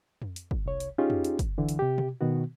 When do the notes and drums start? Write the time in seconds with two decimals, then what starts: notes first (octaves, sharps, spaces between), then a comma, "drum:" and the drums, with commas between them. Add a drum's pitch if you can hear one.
0.22 drum: tom F2
0.36 drum: hi-hat
0.51 drum: kick
0.66 C2 C#5
0.80 drum: hi-hat
0.98 C#4 D#4 F4 G4 G#4
1.10 drum: tom F2
1.24 drum: hi-hat
1.39 drum: kick, hi-hat
1.58 C#2 D3 E3
1.69 drum: hi-hat
1.79 C3 G4
1.98 drum: tom B2
2.21 B2 D#3 B3 F#4